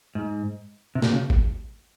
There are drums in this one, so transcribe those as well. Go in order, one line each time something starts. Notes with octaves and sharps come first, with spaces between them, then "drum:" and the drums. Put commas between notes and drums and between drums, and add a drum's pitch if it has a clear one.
G#2
C3
A#2, drum: snare
C#3
drum: kick A1